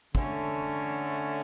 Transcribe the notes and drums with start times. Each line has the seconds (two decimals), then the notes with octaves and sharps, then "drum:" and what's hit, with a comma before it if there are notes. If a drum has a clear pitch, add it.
0.15 D3 A3 C#4, drum: kick